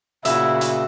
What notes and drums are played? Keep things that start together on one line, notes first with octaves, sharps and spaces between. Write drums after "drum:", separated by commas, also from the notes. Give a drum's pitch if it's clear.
A#2 C#3 E4 F#4 E5, drum: hi-hat
drum: hi-hat